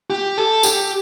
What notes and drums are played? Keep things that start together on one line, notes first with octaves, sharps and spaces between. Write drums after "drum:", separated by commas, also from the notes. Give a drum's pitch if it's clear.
G4
A4
G4, drum: tambourine